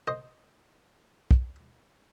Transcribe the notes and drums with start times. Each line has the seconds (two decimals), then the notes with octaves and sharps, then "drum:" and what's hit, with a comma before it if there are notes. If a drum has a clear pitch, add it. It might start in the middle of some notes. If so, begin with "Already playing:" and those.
0.08 C5 D#5
1.31 drum: kick